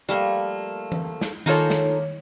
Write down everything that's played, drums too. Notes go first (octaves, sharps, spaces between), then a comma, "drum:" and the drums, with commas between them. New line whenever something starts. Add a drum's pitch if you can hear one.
F3 G3 A3 A#3
drum: tom E3
drum: snare
D#3 A#3 D#4 F4 A4 C#5 G#5 A#5
drum: snare